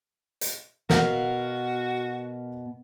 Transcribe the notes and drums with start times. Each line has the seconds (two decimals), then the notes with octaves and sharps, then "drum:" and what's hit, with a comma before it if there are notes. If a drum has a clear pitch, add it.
0.41 drum: hi-hat
0.90 B2 F#4 A#4 F5 F#5, drum: snare